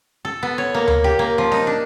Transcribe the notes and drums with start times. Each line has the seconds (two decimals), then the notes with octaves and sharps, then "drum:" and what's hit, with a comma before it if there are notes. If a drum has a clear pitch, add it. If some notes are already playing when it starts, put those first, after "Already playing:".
0.25 A4
0.43 B3
0.58 C#5
0.74 A#3
0.87 A#3, drum: tom D2
1.04 G4
1.19 A#3
1.38 F3
1.52 D#4, drum: snare C4
1.67 D4